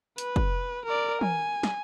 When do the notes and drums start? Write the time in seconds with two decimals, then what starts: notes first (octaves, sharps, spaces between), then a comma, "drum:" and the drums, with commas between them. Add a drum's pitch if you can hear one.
0.18 B4, drum: hi-hat
0.36 drum: kick
0.85 A#4 D5
1.21 G#5, drum: tom
1.63 drum: snare